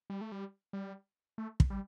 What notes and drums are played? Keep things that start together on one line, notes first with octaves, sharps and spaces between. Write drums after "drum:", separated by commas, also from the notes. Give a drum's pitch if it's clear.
G3
A3
G3
G3
A3
drum: kick
G3